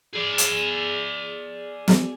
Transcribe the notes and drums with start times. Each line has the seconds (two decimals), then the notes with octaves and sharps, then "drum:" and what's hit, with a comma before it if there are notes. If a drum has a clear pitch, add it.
0.13 G#4 D5
0.38 drum: hi-hat
1.88 drum: snare